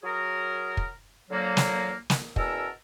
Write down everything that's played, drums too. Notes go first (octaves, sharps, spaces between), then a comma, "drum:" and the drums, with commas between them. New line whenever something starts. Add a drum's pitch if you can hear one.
F#3 G#4 A#4
drum: kick
D3 F3 F#3 A#3
drum: snare
drum: snare
E2 B2 C#4 A4 A#4 E6, drum: kick